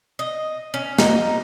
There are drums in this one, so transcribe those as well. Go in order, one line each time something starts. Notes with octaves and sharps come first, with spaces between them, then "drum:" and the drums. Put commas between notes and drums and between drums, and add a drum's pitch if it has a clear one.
D#5
C#4
D#4, drum: snare